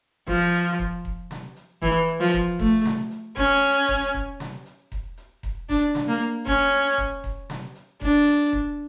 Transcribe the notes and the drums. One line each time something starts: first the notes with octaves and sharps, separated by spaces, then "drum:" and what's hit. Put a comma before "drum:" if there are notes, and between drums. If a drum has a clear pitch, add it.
F3, drum: kick E1, hi-hat
drum: hi-hat
drum: kick E1, hi-hat
drum: kick E1
drum: snare
drum: hi-hat
E3, drum: kick E1, hi-hat
drum: hi-hat
F3
drum: kick E1, hi-hat
A3, drum: kick E1, hi-hat
drum: snare
drum: hi-hat
C#4, drum: kick E1, hi-hat
drum: hi-hat
drum: kick E1, hi-hat
drum: kick E1
drum: snare
drum: hi-hat
drum: kick E1, hi-hat
drum: hi-hat
drum: kick E1, hi-hat
D4, drum: kick E1, hi-hat
drum: snare
A#3
drum: hi-hat
C#4, drum: kick E1, hi-hat
drum: hi-hat
drum: kick E1, hi-hat
drum: kick E1, hi-hat
drum: snare
drum: hi-hat
D4, drum: kick E1, hi-hat
drum: hi-hat
drum: kick E1, hi-hat